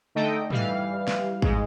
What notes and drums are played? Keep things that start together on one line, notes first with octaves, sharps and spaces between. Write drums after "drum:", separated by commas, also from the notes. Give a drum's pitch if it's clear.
D3 A3 D#4 A4 D#5 G5
E3 G3 F5, drum: tom
drum: snare
G#2 G#3, drum: kick